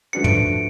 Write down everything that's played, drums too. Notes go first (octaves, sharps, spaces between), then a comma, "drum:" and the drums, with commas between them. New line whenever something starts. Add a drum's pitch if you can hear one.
F3 A3 D4 F#4 B4 C#7
D7, drum: tom
C#7